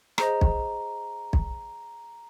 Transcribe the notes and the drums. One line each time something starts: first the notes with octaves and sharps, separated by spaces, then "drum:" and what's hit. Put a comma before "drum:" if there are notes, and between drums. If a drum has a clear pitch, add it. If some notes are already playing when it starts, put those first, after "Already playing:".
G#4 C5 D#5 A#5, drum: rim click
drum: kick B1
drum: kick B1